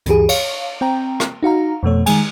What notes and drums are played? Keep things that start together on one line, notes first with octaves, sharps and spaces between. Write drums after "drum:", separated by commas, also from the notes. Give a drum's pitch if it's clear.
D2 G2 E3 G4 G#4, drum: hi-hat
C#5 F5, drum: cymbal
C4 G5 A#5
drum: rim click
D#4 F#4 F5 A#5
F2 B2 A3 C#5
D#3 G#3 G#5, drum: cymbal